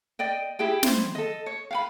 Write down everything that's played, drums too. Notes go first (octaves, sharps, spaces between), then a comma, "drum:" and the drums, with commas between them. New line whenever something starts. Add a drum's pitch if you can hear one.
D5 D#5 G5
E4 G4 G#4 G5
E4 C5, drum: snare
A4 D#5
C#5
F5 F#5 B5